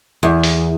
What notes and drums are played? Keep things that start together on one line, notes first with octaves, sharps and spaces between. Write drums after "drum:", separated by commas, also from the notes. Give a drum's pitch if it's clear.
E2
drum: open hi-hat